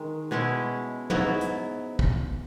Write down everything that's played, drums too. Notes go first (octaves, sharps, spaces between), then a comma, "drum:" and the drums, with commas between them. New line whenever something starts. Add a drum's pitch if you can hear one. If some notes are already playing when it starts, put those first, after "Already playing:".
Already playing: D#3 G#3
B2 G#3 C#4 E4
G#2 F#3 B3 E4, drum: tom
drum: hi-hat
drum: kick